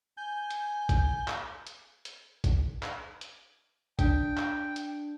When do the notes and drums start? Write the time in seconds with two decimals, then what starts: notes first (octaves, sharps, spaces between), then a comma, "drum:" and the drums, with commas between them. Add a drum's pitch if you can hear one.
0.17 G#5 G6
0.50 drum: hi-hat
0.89 drum: kick, hi-hat
1.28 drum: clap
1.67 drum: hi-hat
2.05 drum: hi-hat
2.44 drum: kick, hi-hat
2.83 drum: clap
3.21 drum: hi-hat
3.99 D4 G5, drum: kick, hi-hat
4.37 drum: clap
4.76 drum: hi-hat